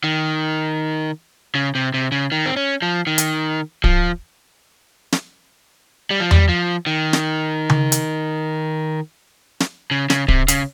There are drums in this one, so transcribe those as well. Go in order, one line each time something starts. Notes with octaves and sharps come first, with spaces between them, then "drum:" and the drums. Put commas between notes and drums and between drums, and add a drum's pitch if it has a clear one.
D#3
C#3
C3
C3
C#3
D#3
C4
C#4
F3
D#3
drum: hi-hat
F3, drum: kick D1
drum: snare
G3
F3
G3, drum: tom E2
F3
D#3
drum: snare
drum: tom C#3
drum: hi-hat
drum: snare
C#3
C#3, drum: snare
C3, drum: kick D1
C#3, drum: hi-hat